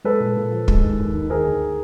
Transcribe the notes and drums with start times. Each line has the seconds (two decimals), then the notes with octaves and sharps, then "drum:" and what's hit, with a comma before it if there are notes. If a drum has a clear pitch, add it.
0.04 G#3 A4 B4
0.20 A#2
0.37 A#2
0.52 F3
0.68 G#3, drum: kick
0.84 D#2
0.99 D#2
1.15 D#3
1.30 D#3 G#4 A#4
1.46 D2